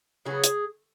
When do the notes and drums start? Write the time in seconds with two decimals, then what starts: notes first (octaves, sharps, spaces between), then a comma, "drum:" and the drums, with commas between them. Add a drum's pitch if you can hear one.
0.26 C#3 F#3 B3 G#4
0.44 drum: hi-hat